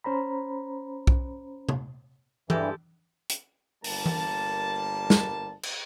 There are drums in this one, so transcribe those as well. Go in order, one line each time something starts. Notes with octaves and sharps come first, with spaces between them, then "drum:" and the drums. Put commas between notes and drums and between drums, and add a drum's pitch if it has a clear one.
C#4 C5 A#5 B5
drum: kick B1
drum: tom C3
G2 E3 G#3 G4 A4, drum: tom E3
drum: hi-hat
G1 G3 A#3 A#4 A5, drum: open hi-hat
drum: tom E3
drum: snare
drum: cymbal